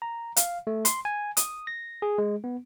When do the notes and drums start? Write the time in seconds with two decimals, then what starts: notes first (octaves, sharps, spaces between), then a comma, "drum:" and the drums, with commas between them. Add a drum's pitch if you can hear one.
0.02 A#5
0.37 F5, drum: hi-hat
0.67 A3
0.85 C6, drum: hi-hat
1.05 G#5
1.37 D#6, drum: hi-hat
1.67 A#6
2.02 G#4
2.18 G#3
2.44 B3